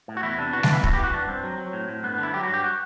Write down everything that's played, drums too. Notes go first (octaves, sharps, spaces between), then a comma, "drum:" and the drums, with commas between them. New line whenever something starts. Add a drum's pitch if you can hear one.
A2
F#4
E2 E4
C3 D4
E3 F#4
D4, drum: snare G3
E2 E4
E3 F#4, drum: kick
G4
E3 F#4
G2 D4
G2 C4
F#3
F#3
A2
A2
G2 B3
D3 B3
E4
F#3 G4
F#4
G2
G4
F#4